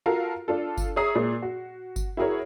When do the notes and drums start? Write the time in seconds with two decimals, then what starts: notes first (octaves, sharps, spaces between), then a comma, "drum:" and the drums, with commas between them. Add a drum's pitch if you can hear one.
0.06 F4 F#4 A4 A#4 F5
0.48 D4 F4 A4
0.78 drum: kick G1, tambourine
0.96 G#4 C#5 E5 A#5 D#6 C7
1.15 A#2 G#4
1.42 F#4
1.96 drum: kick G1, tambourine
2.17 E4 F#4 G#4 A#4 C#5